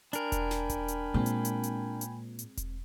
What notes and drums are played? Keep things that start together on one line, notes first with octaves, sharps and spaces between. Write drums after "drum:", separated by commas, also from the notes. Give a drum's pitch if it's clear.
D4 A#4 G5 G#5 B5, drum: hi-hat
drum: kick E1, hi-hat
drum: snare
drum: kick E1, hi-hat
drum: hi-hat
A#2 G#3 C4
drum: hi-hat
drum: hi-hat
drum: hi-hat
drum: hi-hat
drum: hi-hat
drum: kick E1, hi-hat